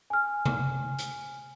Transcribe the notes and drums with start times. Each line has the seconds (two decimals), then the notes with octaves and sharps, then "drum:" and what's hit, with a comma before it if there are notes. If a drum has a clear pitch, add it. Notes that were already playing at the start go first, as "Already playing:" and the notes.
0.10 G#5 F6
0.46 drum: tom C3
0.99 drum: hi-hat